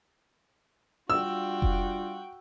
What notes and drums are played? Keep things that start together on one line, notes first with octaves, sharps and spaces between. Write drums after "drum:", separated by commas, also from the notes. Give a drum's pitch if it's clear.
G3 D4 F4 F#4 G5 E6
drum: kick F1